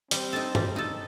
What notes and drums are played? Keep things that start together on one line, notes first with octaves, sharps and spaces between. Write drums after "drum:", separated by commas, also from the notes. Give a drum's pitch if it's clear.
G3 C4, drum: hi-hat
D#4 A4
G3, drum: tom G2
D#4 A4